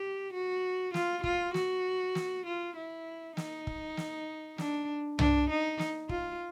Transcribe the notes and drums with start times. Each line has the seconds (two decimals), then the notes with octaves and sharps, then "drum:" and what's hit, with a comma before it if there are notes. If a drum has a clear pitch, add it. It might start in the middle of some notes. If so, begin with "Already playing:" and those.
Already playing: G4
0.33 F#4
0.94 F4, drum: snare
1.24 F4, drum: kick
1.54 F#4, drum: snare
2.15 drum: snare
2.46 F4
2.76 E4
3.37 D#4, drum: snare
3.67 drum: kick
3.97 drum: snare
4.58 D4, drum: snare
5.19 D4, drum: tom C2
5.49 D#4
5.79 drum: snare
6.09 F4, drum: kick